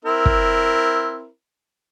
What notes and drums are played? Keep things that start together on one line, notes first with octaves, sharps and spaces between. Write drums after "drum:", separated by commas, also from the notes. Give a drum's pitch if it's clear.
C4 E4 A#4
drum: kick